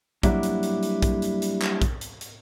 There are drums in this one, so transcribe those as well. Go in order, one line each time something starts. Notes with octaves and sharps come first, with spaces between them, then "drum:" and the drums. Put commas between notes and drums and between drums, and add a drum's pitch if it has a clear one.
F#3 G3 A#3 D4 E4 F#4, drum: kick, hi-hat
drum: hi-hat
drum: hi-hat
drum: hi-hat
drum: kick, hi-hat
drum: hi-hat
drum: hi-hat
drum: clap
drum: kick, hi-hat
drum: hi-hat
drum: hi-hat